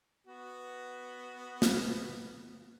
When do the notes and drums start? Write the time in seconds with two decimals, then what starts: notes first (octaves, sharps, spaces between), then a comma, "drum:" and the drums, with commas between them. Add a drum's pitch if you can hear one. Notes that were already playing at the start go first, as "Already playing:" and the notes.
0.27 B3 F#4
1.62 drum: snare